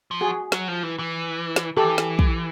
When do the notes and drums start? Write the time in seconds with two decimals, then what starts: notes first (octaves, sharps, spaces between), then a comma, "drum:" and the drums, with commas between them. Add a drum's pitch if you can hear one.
0.11 F3
0.21 F#4 G#4
0.52 F#3, drum: snare
0.68 F3
0.83 E3
0.99 E3
1.56 drum: snare
1.77 E3 G4 A4
1.98 drum: snare
2.19 drum: kick